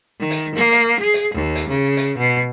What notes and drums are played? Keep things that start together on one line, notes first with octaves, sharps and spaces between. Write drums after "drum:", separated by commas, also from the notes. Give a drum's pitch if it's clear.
D#3
drum: hi-hat
A#3
drum: hi-hat
G#4
drum: hi-hat
D#2
drum: hi-hat
C#3
drum: hi-hat
B2